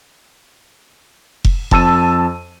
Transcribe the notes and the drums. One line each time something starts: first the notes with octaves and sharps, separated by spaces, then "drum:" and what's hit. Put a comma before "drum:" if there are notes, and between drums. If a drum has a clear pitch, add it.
drum: kick F1
F2 A5 E6 D#7, drum: kick F1